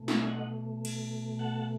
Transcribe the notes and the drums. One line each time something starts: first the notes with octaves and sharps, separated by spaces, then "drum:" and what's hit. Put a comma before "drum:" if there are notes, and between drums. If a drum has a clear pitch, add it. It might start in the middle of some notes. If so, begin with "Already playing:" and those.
Already playing: B2 A3
E5 G#5, drum: snare
D#5 F#5
drum: cymbal
F#5 A5
F#5